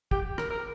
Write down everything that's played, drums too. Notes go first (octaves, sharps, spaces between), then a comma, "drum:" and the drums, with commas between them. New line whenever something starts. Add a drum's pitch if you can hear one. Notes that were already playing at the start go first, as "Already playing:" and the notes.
G4, drum: kick
A#4, drum: rim click
A#4